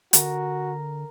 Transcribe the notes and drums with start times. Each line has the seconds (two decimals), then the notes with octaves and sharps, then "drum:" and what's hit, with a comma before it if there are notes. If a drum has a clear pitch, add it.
0.13 D3 F#4 A#4, drum: hi-hat